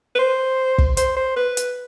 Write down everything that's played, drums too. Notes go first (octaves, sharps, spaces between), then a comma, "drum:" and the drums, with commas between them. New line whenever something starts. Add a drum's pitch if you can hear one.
B4
C5
drum: kick
C5, drum: hi-hat
C5
B4
drum: hi-hat